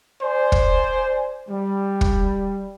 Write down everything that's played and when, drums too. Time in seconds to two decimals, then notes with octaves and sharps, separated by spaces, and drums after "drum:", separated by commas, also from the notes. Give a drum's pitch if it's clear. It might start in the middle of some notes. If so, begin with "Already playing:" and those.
0.22 C5 D5 G#5
0.52 drum: kick
1.49 G3
2.01 drum: kick